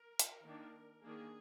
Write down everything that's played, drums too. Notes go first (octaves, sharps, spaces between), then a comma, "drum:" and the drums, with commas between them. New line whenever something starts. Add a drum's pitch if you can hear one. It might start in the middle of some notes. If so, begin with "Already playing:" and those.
Already playing: A#4
drum: hi-hat
D#3 A#3 D4
D#3 A#3 D4 G#4